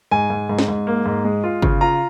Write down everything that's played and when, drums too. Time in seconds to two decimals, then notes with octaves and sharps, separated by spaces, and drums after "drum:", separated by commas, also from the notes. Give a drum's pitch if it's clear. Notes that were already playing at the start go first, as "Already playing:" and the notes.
0.11 G#2 G#5
0.30 G#2
0.49 G#2
0.59 drum: snare
0.68 G#2
0.87 A#3
1.06 G#2
1.25 G#3
1.44 F4
1.62 C#3, drum: kick G1
1.81 F4 A#5